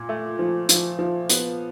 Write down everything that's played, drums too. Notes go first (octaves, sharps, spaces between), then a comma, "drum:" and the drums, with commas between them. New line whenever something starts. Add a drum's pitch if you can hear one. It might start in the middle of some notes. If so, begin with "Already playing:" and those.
Already playing: A#2
A3
F3
F3, drum: hi-hat
F3
B3, drum: hi-hat